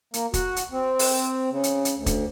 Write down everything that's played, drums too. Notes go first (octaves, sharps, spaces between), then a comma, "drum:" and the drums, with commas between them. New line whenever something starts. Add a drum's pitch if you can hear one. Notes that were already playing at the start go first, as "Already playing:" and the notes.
A#3, drum: hi-hat
F#4, drum: kick, hi-hat
drum: hi-hat
C4
drum: open hi-hat
C#3
drum: hi-hat
drum: hi-hat
D2
drum: kick, hi-hat